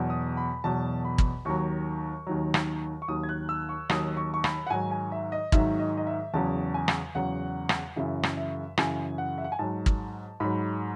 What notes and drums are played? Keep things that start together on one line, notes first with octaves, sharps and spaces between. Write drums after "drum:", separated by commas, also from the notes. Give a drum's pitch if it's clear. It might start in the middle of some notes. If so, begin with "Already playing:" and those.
Already playing: E2 B2 F#3
D#6
B5
E2 B2 F#3 A5
B5
drum: kick
D#2 D#3 F#3 C#6
D#2 D#3 F#3
drum: rim click
C#6
D#2 D#3 F#3 D#6
G#6
F#6
E6
C#6
D#2 D#3 F#3 D#6, drum: rim click
C#6
C#6
B5, drum: rim click
F#5
G#2 D#3 F#3 G#5
G#5
E5
D#5
G#2 D#3 F#3 E5, drum: kick
D#5
D#5
E5
E2 C#3 F#3 A5
G#5
drum: rim click
E2 C#3 F#3 F#5
drum: rim click
F#2 C#3 E3 E5
drum: rim click
E5
F#2 C#3 E3 G#5, drum: rim click
F#5
E5
F#5
G#5
G#2 F#3 A5
drum: kick
G#2 F#3 B5